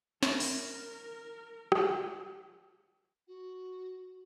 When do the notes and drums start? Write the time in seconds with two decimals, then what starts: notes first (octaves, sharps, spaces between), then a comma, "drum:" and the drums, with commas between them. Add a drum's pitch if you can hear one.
0.23 C#4 E4 A#4, drum: snare
0.40 drum: open hi-hat
1.72 drum: rim click
3.27 F#4